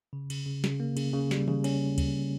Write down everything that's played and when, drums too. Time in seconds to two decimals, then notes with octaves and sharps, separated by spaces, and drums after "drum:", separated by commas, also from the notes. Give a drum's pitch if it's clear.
0.13 C#3
0.30 C#3, drum: cymbal
0.46 C#3
0.64 C#3, drum: snare
0.80 A#3
0.97 C#3, drum: cymbal
1.13 C#3
1.31 G3, drum: snare
1.48 C#3, drum: tom D#3
1.64 C#4, drum: cymbal
1.98 drum: kick D2, cymbal